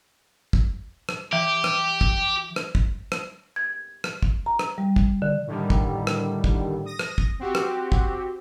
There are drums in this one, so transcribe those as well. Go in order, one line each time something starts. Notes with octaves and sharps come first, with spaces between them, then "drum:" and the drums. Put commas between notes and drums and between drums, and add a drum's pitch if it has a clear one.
drum: kick
drum: rim click
E3 G4
drum: rim click
drum: kick
drum: rim click
drum: kick
drum: rim click
G#6
drum: rim click
drum: kick
A#5
drum: rim click
G3
drum: kick
D3
A2 D3 D#3 G3
drum: kick
drum: rim click
drum: kick
D#6 A#6
drum: rim click
drum: kick
C4 F#4 G4
drum: rim click
drum: kick